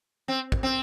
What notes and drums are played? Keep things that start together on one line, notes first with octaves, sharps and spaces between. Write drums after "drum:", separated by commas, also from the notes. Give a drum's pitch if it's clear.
C4
drum: kick
C4